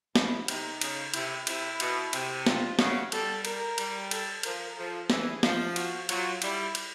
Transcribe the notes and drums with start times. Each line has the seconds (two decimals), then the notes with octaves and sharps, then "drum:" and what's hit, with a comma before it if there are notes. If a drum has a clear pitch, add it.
0.16 B2 E4, drum: snare
0.48 C3 D#4, drum: cymbal
0.81 C#3, drum: cymbal
1.14 C3 E4, drum: cymbal
1.47 C3 E4, drum: cymbal
1.80 B2, drum: cymbal
2.13 C3, drum: cymbal
2.47 F4, drum: snare
2.79 C#3 F#4, drum: snare
3.12 G3 A4, drum: cymbal
3.45 A#4, drum: cymbal
3.78 G3, drum: cymbal
4.11 A4, drum: cymbal
4.43 F3 A#4, drum: cymbal
4.77 F3 A4
5.10 E3 G#4, drum: snare
5.43 F3, drum: snare
5.76 F#4, drum: cymbal
6.09 F#3 F4, drum: cymbal
6.42 G3 E4, drum: cymbal
6.75 drum: cymbal